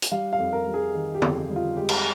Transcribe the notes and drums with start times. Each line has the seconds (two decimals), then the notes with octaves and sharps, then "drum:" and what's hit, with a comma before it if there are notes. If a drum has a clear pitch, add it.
0.02 drum: hi-hat
0.12 G3 F5
0.33 F5
0.39 F2
0.53 A#4
0.67 G3
0.74 G#4
0.94 D#3
1.15 G4
1.22 F2, drum: tom D3
1.49 G3
1.56 F4
1.77 G#3 G4
1.89 drum: cymbal